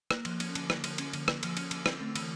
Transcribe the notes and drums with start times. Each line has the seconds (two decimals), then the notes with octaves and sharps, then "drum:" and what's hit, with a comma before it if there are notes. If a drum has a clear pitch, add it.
0.11 A#3 F#6, drum: rim click
0.25 F3, drum: cymbal
0.40 C#4, drum: cymbal
0.55 D3, drum: cymbal
0.70 A#3, drum: rim click
0.84 F3, drum: cymbal
0.98 C#4, drum: cymbal
1.13 D3, drum: cymbal
1.28 A#3, drum: rim click
1.43 F3 F6, drum: cymbal
1.49 E6
1.57 C#4 F6, drum: cymbal
1.71 D3, drum: cymbal
1.86 C4 E6, drum: rim click
2.01 A3
2.16 E3, drum: cymbal